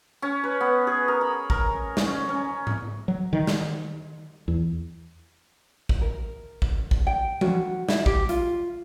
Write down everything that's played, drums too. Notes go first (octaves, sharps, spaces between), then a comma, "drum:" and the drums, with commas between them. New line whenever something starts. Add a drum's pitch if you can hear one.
C#4
B4
B3
G#4
A#4
B5
A#4, drum: kick G#1
drum: snare
C#4
C#4
drum: tom G#2
F#3
D#3
drum: snare
E2
drum: kick G#1
A#4
drum: kick G#1
drum: kick G#1
G5
F#4, drum: tom F3
E4, drum: snare
G4, drum: kick G#1
F4, drum: hi-hat